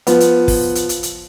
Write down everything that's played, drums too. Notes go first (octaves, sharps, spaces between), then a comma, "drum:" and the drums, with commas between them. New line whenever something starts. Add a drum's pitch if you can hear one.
F3 B3, drum: hi-hat
drum: hi-hat
drum: kick, open hi-hat
drum: hi-hat
drum: hi-hat
drum: hi-hat